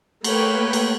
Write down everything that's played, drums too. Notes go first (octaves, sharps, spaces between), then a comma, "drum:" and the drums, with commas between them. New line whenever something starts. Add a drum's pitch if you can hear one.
A3 A#3 B4 C#5 G5, drum: cymbal
drum: cymbal